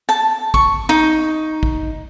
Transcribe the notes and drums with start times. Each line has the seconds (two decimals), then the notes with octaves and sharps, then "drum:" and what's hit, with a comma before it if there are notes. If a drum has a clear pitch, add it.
0.09 A5
0.54 C#6, drum: kick
0.89 D#4
1.63 drum: kick